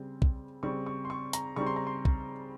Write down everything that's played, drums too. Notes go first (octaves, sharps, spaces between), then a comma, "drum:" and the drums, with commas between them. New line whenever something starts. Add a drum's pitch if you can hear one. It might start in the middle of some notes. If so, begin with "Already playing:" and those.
Already playing: C#3 G3 C4
drum: kick
C#3 G3 C4 C#6
C#6
C6
C#6
A#5, drum: hi-hat
C#3 G3 C4 C#6
C6
A#5
C6
drum: kick